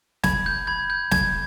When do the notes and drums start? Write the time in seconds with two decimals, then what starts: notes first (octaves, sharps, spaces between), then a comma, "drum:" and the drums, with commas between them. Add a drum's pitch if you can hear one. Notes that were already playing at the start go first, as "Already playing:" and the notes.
0.24 B5 G#6, drum: snare
0.46 G6
0.67 B5 G#6
0.90 G6
1.11 G6 G#6, drum: snare